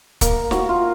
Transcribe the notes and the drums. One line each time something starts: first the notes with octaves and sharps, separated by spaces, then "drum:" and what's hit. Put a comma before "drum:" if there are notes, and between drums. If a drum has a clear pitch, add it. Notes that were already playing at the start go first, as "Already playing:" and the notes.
A#3, drum: kick, hi-hat
F#4, drum: snare
F4